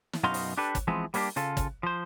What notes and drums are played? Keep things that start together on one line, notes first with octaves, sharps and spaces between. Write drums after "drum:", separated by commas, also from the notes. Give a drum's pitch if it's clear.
drum: snare
F#2 B2 D#4 F#4 F5 C6
drum: open hi-hat
D4 G4 A4 B4
drum: kick, hi-hat
E3 F3 G#3 B3 C4
G3 A#3 B3 D4 G4, drum: open hi-hat
C#3 F4 A4, drum: hi-hat
drum: kick, hi-hat
F3 C5